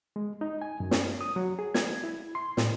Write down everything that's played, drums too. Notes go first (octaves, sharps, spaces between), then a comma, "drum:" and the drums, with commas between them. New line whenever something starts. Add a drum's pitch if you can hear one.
G#3
D#4
G#5
F#2
C#4, drum: snare
D#6
F#3
G#4
G#6, drum: snare
E4
C6
A2, drum: snare